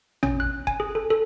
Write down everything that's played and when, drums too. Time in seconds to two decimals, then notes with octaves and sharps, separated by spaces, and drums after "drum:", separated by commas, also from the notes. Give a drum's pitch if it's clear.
0.23 C#4, drum: tom A1
0.40 F#6
0.67 G#5, drum: kick F#1
0.80 G#4
0.95 A4
1.10 A4